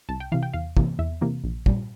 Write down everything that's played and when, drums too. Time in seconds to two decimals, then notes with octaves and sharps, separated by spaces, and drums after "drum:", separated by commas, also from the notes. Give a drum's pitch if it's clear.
0.09 C2 A5
0.20 G5
0.32 C3 E3 F5
0.43 G5
0.53 E2 F5
0.77 C3 E3 A#3, drum: kick
0.99 E2 E5
1.21 C3 E3 A#3
1.44 A#1
1.66 A#2 G3, drum: kick